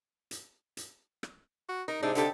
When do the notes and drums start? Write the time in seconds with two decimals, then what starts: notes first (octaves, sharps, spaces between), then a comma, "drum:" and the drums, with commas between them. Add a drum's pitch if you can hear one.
0.31 drum: hi-hat
0.77 drum: hi-hat
1.23 drum: rim click
1.69 F#4
1.88 D#4 A#4
2.02 G#2 C3 D4 D#4
2.15 D3 D#4 G4 A4, drum: hi-hat